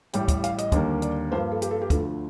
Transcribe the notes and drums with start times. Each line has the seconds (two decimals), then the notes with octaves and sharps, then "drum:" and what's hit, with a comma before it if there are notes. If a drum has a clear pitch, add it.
0.13 A1 A2 G3 G5, drum: hi-hat
0.28 drum: kick, hi-hat
0.44 F5, drum: hi-hat
0.58 D#5, drum: hi-hat
0.72 D#2 D3 G3 A#3, drum: kick, hi-hat
1.02 D5, drum: hi-hat
1.32 G2 F3 A#3 C5
1.52 A4
1.62 G4, drum: hi-hat
1.71 A4
1.82 G4
1.90 D2 D3 F3 A4, drum: kick, hi-hat